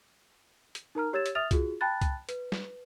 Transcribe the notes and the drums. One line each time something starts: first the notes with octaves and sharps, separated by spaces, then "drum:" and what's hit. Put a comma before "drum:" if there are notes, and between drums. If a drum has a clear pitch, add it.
drum: hi-hat
D#4 A#4 A#5 F6
G4 C#5 E6 G#6 A6 E7
drum: hi-hat
E5 D#6 F6 A6 F7
F4 F#4 G#4, drum: kick, hi-hat
G5 A5 B5 F#6 A6
drum: kick, hi-hat
B4, drum: hi-hat
drum: snare